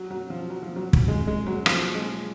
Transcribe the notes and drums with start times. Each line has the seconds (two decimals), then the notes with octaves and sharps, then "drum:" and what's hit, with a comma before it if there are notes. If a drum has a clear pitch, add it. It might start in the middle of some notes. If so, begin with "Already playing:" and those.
Already playing: F#3
0.10 F#3
0.30 F3
0.50 F#3
0.63 F3
0.76 F#3
0.93 drum: kick
1.08 G#3
1.27 G#3
1.47 F#3
1.66 F3, drum: rim click
1.95 G#3